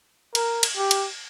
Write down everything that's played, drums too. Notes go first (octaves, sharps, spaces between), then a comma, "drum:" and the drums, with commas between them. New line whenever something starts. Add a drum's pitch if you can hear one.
A#4, drum: cymbal
drum: cymbal
G4
drum: cymbal